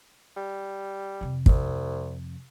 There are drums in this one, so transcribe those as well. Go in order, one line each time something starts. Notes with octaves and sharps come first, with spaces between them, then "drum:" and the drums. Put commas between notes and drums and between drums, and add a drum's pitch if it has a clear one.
G3
F2 C3
C2, drum: kick